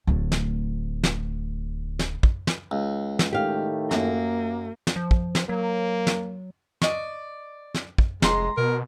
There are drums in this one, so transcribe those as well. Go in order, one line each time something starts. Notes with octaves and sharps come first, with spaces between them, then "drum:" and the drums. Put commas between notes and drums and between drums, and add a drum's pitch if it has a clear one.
D1 D2
drum: snare
drum: snare
drum: snare
drum: kick
drum: snare
C#2
drum: snare
A2 D#3 A3 G4 F5
F#2 A#3, drum: snare
drum: snare
F3
drum: kick
drum: snare
F#3 A#3
drum: snare
D5 D#5 C#6, drum: snare
drum: snare
drum: kick
F1 G#3 A#5 C6, drum: snare
B2 A#4